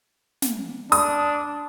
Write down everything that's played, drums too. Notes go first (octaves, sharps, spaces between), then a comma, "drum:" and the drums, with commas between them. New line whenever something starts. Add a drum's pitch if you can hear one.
drum: snare
D4 D#6, drum: open hi-hat